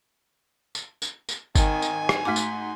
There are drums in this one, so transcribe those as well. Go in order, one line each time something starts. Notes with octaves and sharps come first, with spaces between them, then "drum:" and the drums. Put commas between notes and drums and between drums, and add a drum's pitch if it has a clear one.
drum: tambourine
drum: tambourine
drum: tambourine
G#1 D#3 G#5, drum: kick G1, tambourine
drum: tambourine
drum: rim click
G#2 A3 F#4 C6 D6 B6
drum: tambourine